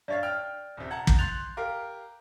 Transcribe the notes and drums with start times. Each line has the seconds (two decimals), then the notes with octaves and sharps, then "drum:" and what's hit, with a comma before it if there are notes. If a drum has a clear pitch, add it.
0.08 G2 C#5 D5 F5 A6
0.23 G5 F6
0.77 D#1 C3
0.91 F#5 A5 A#5 G#6
1.07 drum: kick
1.18 C6 F#6 G6 A6 F7
1.57 G4 A#4 F5 A#5